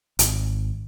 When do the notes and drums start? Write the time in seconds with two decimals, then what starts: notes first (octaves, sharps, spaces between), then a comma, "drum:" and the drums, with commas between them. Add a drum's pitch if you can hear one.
0.19 G#1, drum: hi-hat